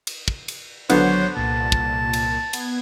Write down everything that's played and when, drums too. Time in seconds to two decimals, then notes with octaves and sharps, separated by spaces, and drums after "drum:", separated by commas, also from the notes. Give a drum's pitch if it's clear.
0.07 drum: cymbal
0.28 drum: kick
0.48 drum: cymbal
0.90 G#1 D3 F#3 B3 C5 C#5, drum: cymbal
1.37 C2 A#2 A5
1.72 drum: kick
2.13 drum: cymbal
2.53 B3 G#6, drum: cymbal